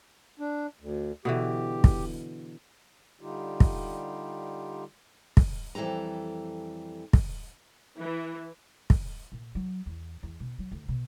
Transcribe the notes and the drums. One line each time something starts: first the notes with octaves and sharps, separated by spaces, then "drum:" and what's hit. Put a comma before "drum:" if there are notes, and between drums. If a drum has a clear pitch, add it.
D4
D2
B2 D3 E3 G4
drum: kick
D3 G3 D#4 F4 G4
drum: kick
drum: kick
F2 E3 G3 A4 A#5
drum: kick
E3
drum: kick
A#2
F#3
E2
E2
B2
F#3
D2
B2